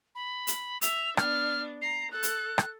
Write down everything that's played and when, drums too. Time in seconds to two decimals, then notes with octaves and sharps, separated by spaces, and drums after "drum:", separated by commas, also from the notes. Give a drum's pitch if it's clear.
0.15 B5
0.47 drum: hi-hat
0.81 E5 F7, drum: hi-hat
1.17 B3 D4 F6, drum: rim click
1.82 A#5 C7
2.12 A4 F#6
2.23 drum: hi-hat
2.58 drum: rim click